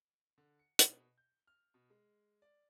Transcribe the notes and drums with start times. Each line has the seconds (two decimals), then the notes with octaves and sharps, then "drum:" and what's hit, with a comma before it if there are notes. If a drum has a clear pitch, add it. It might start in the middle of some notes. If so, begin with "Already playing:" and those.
0.38 D3
0.59 C#7
0.79 B2, drum: hi-hat
1.18 G6
1.47 F6
1.74 B2
1.90 G#3
2.42 D5